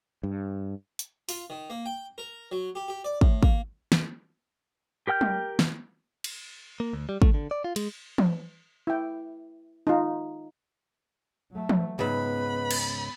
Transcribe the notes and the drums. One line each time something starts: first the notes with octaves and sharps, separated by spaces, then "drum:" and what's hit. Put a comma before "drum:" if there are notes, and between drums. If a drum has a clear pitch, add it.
G2
drum: hi-hat
F4, drum: open hi-hat
D#3
A#3
G5
A#4
F#3
G4
G4
D5
A2, drum: kick
A#3, drum: kick
drum: snare
G4 A#4 G5 F6 G6
drum: tom
drum: snare
drum: cymbal
A#3
D2
G3
A3, drum: kick
D3
D5
F4
G#3, drum: cymbal
drum: tom E3
E4 G5
D#4 F4
F#3 A3
drum: tom E3
C#2 G#2 B3 B4 B5
drum: cymbal